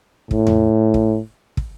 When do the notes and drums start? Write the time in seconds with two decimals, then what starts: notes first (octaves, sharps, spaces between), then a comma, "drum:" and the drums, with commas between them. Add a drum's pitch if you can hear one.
0.31 A2, drum: kick
0.47 drum: tom E2
0.94 drum: kick
1.57 drum: kick